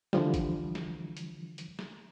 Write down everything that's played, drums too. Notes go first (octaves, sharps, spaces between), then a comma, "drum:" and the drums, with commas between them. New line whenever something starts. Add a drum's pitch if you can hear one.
D3 E3 F3 G3, drum: snare
drum: kick, hi-hat
drum: snare
drum: hi-hat
drum: hi-hat
drum: snare